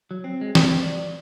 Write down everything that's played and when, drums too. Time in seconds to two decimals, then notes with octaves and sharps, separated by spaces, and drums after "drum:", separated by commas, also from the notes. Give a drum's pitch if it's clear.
0.11 F#3
0.24 C4
0.41 G#3
0.55 C4, drum: snare
0.83 D5